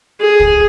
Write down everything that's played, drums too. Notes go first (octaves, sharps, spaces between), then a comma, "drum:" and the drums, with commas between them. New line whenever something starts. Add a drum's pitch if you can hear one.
G#4
drum: kick